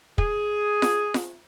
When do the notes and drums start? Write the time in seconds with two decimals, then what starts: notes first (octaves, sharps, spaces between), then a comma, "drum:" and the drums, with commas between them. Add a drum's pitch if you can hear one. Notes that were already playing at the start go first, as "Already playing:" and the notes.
0.18 G#4, drum: kick
0.82 drum: snare F4
1.14 drum: snare F4